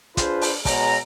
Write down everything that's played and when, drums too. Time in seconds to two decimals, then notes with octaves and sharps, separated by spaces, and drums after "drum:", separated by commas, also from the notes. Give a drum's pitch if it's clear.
0.17 D4 F4 G#4 B4 C5, drum: kick, hi-hat
0.42 drum: open hi-hat
0.65 B2 G#3 C#5 G#5 A#5, drum: kick, open hi-hat